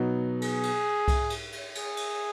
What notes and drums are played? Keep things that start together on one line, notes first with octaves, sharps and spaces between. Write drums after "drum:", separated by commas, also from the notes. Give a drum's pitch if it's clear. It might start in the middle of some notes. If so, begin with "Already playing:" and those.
Already playing: B2 F#3 B3 D#4 F#4
G#4, drum: cymbal
drum: cymbal
drum: kick C2, cymbal
drum: cymbal
drum: cymbal
G#4, drum: cymbal
drum: cymbal